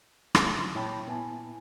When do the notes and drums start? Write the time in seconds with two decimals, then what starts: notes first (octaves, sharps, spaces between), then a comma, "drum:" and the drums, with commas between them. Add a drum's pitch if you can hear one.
0.35 F#3, drum: rim click
0.74 A#2 E4 C#5 G5 A5 B5
1.07 A#2 B3 E4 G#5 A5